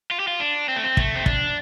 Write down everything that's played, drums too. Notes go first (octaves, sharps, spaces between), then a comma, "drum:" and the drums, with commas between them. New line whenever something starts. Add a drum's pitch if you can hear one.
F4
G4
F4
D4
C4
A3
C4
A3, drum: kick
C4
D4, drum: kick